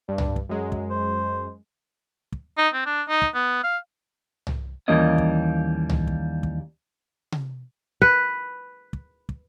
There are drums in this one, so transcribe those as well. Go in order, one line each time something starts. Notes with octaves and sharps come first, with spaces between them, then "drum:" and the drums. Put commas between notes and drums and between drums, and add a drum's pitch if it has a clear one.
G2 D4
drum: tom C2
drum: kick
F#2 F#3 G#3
drum: kick
C5
drum: kick
D#4
C4
D4
D#4
drum: kick
B3
F5
drum: tom C2
D#2 E3 G3 A#3 C#4 D#5
drum: kick
drum: tom C2
drum: kick
drum: kick
drum: tom C3
B4, drum: kick
drum: kick
drum: kick